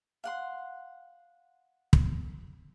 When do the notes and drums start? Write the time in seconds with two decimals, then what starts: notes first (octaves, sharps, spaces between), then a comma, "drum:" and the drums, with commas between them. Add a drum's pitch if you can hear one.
0.24 F5 F#5 C6
1.93 drum: kick